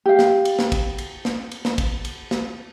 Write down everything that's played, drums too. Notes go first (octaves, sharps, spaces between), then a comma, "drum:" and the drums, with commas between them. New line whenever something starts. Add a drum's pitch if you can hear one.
G4 F5
drum: snare
drum: cymbal
drum: snare
drum: kick, cymbal
drum: cymbal
drum: snare
drum: cymbal
drum: snare
drum: kick, cymbal
drum: cymbal
drum: snare